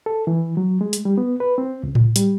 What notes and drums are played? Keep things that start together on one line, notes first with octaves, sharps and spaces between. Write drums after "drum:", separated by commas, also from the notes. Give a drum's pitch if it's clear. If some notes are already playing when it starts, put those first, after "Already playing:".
A4
E3
F#3
G#3
drum: hi-hat
G3
B3
B4
C4
C#2
drum: tom A2
G3, drum: hi-hat